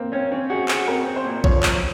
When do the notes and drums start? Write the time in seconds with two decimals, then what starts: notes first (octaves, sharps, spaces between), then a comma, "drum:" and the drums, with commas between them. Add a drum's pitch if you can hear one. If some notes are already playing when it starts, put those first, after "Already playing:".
Already playing: A#3 C4
0.12 C4 C#4
0.32 C4 C#4
0.50 F#4 G#4
0.68 F#4 G#4, drum: clap
0.87 C4 A#4
1.06 C4
1.16 C5
1.25 A#2
1.44 F3 C#5, drum: kick A#1
1.63 F#2, drum: clap